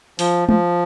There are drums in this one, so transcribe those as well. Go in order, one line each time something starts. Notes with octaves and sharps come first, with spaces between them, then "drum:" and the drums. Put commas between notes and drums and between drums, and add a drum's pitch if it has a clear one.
F3, drum: open hi-hat
F3, drum: tom